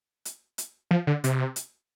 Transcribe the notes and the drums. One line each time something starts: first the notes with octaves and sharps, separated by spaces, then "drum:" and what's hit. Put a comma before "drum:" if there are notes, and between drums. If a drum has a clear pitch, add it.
drum: hi-hat
drum: hi-hat
F3
D3
C3, drum: hi-hat
drum: hi-hat